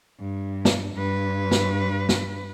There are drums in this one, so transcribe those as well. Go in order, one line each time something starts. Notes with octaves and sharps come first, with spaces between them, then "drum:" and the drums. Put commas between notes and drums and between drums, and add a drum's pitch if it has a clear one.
G2
drum: snare
G2 B4
drum: snare
drum: snare